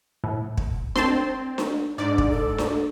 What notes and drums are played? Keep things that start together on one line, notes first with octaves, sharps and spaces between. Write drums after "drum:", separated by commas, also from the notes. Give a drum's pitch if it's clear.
A2
drum: kick
C4 A5 C6, drum: snare D4
drum: snare D4
G#2 D4 D5
drum: kick
A4
drum: snare D4